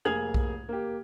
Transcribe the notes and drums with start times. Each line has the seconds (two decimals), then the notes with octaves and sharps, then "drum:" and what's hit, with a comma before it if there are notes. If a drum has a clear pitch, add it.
0.05 F1 A#3 G#4 G#6 F7 F#7
0.34 drum: kick B1
0.69 A#3 G4